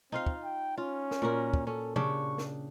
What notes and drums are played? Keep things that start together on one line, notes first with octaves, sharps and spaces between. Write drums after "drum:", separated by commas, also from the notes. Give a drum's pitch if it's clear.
C4 D#4 F4 F5
drum: kick
G5
C#4 F4
drum: snare
A#2 F#4 A#4
drum: kick
C#4 A4
C#3 D4 G4 C#6, drum: tom
drum: snare